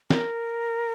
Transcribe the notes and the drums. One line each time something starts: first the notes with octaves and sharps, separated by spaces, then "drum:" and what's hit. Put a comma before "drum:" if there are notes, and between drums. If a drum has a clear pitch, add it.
A#4, drum: snare